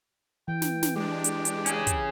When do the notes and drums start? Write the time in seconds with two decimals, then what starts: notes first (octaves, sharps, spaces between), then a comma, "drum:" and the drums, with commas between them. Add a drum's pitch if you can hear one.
0.48 E3 G5
0.62 drum: snare
0.83 drum: snare
0.96 G#3 D4 G4
1.24 drum: hi-hat
1.45 drum: hi-hat
1.66 C#4 G#4, drum: hi-hat
1.87 drum: kick, hi-hat